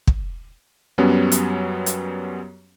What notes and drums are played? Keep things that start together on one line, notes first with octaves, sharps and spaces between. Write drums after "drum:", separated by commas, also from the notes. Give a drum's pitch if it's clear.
drum: kick
F#2 F#3 G3 B3 C#4
drum: hi-hat
drum: hi-hat